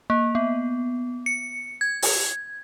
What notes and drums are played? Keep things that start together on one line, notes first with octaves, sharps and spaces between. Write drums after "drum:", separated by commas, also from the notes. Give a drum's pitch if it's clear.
A#3
B3
C#7
G#6
drum: open hi-hat